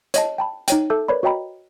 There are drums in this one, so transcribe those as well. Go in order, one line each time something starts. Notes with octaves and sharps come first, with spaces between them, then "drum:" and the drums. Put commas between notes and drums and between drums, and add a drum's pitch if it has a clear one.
C#5 D#5 A5, drum: hi-hat
G5 A5 B5
D#4 C#5 G5, drum: hi-hat
A4 E5 A5 D6 E6 G6
A#4 B4 C#5 D5 B5
F#4 C#5 D#5 G5 A#5 B5